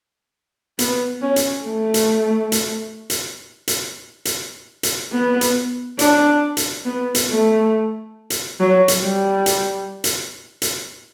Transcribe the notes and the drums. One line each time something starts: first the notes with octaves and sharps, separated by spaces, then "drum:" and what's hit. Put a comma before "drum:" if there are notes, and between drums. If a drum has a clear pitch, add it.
B3, drum: hi-hat
C#4
drum: hi-hat
A3
drum: hi-hat
drum: hi-hat
drum: hi-hat
drum: hi-hat
drum: hi-hat
drum: hi-hat
B3
drum: hi-hat
D4, drum: hi-hat
drum: hi-hat
B3
drum: hi-hat
A3
drum: hi-hat
F#3
drum: hi-hat
G3
drum: hi-hat
drum: hi-hat
drum: hi-hat